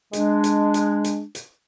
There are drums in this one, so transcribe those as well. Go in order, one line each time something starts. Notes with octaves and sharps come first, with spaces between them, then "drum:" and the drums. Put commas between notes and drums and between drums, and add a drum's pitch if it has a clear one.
G#3 D4, drum: hi-hat
drum: hi-hat
drum: hi-hat
drum: hi-hat
drum: hi-hat